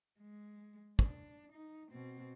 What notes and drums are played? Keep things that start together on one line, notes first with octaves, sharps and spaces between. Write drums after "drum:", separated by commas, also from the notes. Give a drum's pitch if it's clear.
G#3
D4, drum: kick
D#4
B2 C4